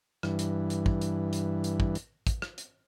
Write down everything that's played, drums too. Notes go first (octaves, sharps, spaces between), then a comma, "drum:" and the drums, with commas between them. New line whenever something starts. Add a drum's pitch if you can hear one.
G2 E3, drum: rim click
drum: hi-hat
drum: hi-hat
drum: kick
drum: hi-hat
drum: hi-hat
drum: hi-hat
drum: kick
drum: hi-hat
drum: kick, hi-hat
drum: rim click
drum: hi-hat